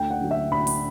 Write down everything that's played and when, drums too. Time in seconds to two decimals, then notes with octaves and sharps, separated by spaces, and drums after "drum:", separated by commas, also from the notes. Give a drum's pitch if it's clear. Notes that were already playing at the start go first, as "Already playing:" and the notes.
Already playing: D2 G5
0.10 F#5
0.21 D3 F#3
0.31 E5
0.51 D2 B5
0.67 drum: open hi-hat